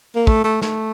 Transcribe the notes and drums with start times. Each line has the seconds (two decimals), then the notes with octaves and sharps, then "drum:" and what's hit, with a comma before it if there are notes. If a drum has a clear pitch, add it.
0.16 A#3
0.27 A3, drum: kick
0.44 A3
0.61 A3, drum: snare